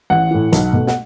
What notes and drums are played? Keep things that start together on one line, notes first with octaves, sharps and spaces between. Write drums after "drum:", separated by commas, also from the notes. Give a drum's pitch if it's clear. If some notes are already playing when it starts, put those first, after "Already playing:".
A1 F#5
A2 E3
B1, drum: hi-hat
B2 A3
F#5, drum: snare